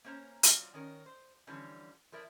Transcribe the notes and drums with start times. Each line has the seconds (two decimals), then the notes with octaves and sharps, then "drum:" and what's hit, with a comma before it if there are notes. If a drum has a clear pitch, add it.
0.04 A#3 C#4 C5 C#5 A#5
0.43 F#3 C4 F4 D5, drum: hi-hat
0.74 D#3 C#4 A#4
1.06 C5
1.47 D3 E3 F3 G3 C#4
2.12 F3 E4 A#4 D5 E5